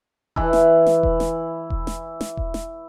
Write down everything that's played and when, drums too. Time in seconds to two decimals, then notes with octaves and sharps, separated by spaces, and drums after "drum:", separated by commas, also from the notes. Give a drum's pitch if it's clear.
0.36 E3 E4, drum: kick E1
0.53 drum: snare
0.87 drum: snare
1.03 drum: kick E1
1.20 drum: snare
1.70 drum: kick E1
1.87 drum: snare
2.21 drum: snare
2.37 drum: kick E1
2.54 drum: snare